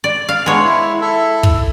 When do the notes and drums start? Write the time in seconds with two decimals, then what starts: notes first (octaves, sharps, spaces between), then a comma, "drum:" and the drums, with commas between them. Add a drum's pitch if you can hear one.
0.04 D5
0.29 F5
0.46 G#3 B3 D4 G#4 C#5
0.65 E4
1.01 E4 A4 E5
1.43 drum: kick